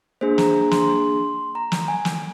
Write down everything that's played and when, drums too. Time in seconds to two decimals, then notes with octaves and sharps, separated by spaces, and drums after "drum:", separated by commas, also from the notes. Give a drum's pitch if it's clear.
0.21 A#3 D4 G#4 C5
0.38 A#5, drum: snare
0.55 A#5
0.71 C6, drum: snare
0.88 C6
1.55 A#5
1.72 drum: snare
1.88 G#5
2.05 drum: snare